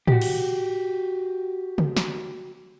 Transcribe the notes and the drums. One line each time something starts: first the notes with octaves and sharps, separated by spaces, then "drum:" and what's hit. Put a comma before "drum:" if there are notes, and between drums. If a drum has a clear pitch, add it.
F#4 G4, drum: tom A2
drum: cymbal
drum: tom C#3
drum: snare